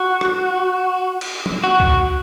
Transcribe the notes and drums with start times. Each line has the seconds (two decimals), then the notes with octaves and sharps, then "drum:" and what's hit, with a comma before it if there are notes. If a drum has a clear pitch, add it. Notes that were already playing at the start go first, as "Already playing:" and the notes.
Already playing: F#4
0.21 drum: rim click
1.21 drum: cymbal
1.46 drum: tom
1.64 F#4
1.80 drum: kick C#2